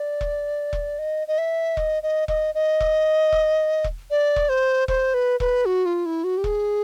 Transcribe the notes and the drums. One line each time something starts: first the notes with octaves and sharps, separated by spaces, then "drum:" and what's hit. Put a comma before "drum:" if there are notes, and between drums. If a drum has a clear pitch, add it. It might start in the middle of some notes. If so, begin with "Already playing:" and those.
Already playing: D5
drum: kick E1
drum: kick E1
D#5
D#5
E5
D#5, drum: kick E1
D#5
D#5, drum: kick E1
D#5
drum: kick E1
drum: kick E1
drum: kick E1
D5
drum: kick E1
C5
C5, drum: kick E1
B4
B4, drum: kick E1
F#4
F4
E4
F#4
G4
G#4, drum: kick E1